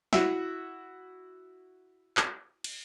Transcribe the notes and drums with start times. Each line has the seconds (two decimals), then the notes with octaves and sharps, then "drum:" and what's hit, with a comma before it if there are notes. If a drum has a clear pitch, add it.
0.13 E4 F#4 E5, drum: snare
2.17 drum: clap
2.64 drum: cymbal